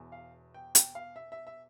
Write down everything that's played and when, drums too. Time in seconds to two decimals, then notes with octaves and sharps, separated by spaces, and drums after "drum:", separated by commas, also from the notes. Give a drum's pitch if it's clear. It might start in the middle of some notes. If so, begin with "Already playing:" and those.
Already playing: E1 E2 E3
0.12 F5
0.54 G5
0.75 G5, drum: hi-hat
0.95 F5
1.16 E5
1.32 E5
1.47 E5